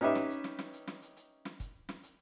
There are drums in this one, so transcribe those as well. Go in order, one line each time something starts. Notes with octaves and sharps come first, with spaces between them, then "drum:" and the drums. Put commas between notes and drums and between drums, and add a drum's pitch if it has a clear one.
C#4 D#4 G4 B4 E5
drum: snare
drum: hi-hat
drum: snare
drum: snare
drum: hi-hat
drum: snare
drum: hi-hat
drum: hi-hat
drum: snare
drum: kick, hi-hat
drum: snare
drum: hi-hat